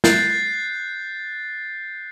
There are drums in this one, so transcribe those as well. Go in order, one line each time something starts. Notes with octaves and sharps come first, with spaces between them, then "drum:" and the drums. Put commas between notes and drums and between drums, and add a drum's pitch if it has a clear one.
F#6 G6 A6 C7, drum: snare